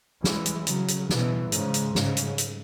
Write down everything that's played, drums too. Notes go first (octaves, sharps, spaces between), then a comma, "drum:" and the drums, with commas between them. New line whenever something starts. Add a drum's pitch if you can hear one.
E3 G#3, drum: snare
drum: hi-hat
C#3 F#3, drum: hi-hat
drum: hi-hat
B2 E3, drum: snare
G#2 C#3, drum: hi-hat
drum: hi-hat
G#2 C#3, drum: snare
drum: hi-hat
drum: hi-hat